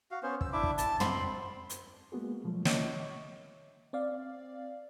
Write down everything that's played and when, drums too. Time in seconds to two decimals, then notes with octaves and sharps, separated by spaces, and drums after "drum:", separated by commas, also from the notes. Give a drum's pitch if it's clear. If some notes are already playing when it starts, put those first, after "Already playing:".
0.11 F#4 F5
0.23 B3 C#4 C5
0.41 E6, drum: kick
0.53 D4 E4 E5 D6
0.63 drum: kick
0.78 A5, drum: hi-hat
1.00 C4 B5 C6, drum: tom
1.70 drum: hi-hat
2.12 G#3 A#3 B3 F#4 G#4
2.44 B2 F3 F#3 G#3 A3
2.65 C#5 D#5 E5 C#6 D6, drum: snare
3.93 C4 D5 F5